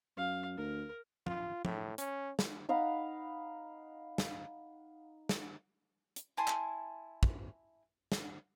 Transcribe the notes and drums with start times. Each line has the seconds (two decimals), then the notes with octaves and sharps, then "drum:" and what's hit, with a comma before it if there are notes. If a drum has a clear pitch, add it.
0.17 F#2 F5
0.58 D2 A#4
1.27 F4, drum: tom
1.65 A2, drum: tom
1.98 C#4, drum: hi-hat
2.39 drum: snare
2.69 D#4 F5 F#5 B5
4.18 drum: snare
5.29 drum: snare
6.16 drum: hi-hat
6.37 E4 G#5 A5 C6
6.47 drum: clap
7.23 drum: kick
8.12 drum: snare